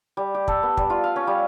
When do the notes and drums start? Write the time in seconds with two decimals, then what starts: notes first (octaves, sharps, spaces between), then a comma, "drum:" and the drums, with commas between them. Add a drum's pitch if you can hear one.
0.17 G3
0.34 G4
0.48 A4, drum: kick
0.63 B3
0.77 G3, drum: kick
0.90 F4
1.04 F5
1.16 C#4
1.27 G3